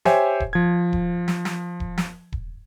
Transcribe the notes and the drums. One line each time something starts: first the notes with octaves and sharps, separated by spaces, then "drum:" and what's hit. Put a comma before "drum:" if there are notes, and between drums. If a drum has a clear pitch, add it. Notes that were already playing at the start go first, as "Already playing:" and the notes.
G4 C5 C#5 E5 G5 G#5, drum: snare
drum: kick D#1
F3 G#6
drum: kick D#1
drum: snare
drum: snare
drum: kick D#1
drum: snare
drum: kick D#1